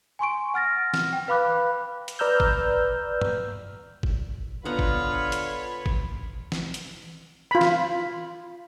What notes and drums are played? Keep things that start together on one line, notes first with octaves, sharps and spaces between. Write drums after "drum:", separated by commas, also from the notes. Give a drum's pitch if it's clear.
G#5 C6 C#6 D7
F#5 F6 A6 A#6
F6, drum: snare
G5
B4 F5 B5 D6 F#6
drum: hi-hat
B4 D5 A#5 E6 F6 G6
drum: kick G1
drum: tom G2
drum: kick G1
D3 B3 F4 B4 C#5 F#5 A#5
drum: kick G1
drum: hi-hat
drum: kick G1
drum: snare
drum: hi-hat
F4 B5
drum: snare